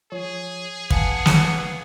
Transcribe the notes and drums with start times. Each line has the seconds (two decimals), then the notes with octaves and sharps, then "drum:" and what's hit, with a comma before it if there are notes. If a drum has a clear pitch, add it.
0.12 F3 G#4 C#5
0.90 B3 F5 G#5 A5, drum: kick
1.26 drum: snare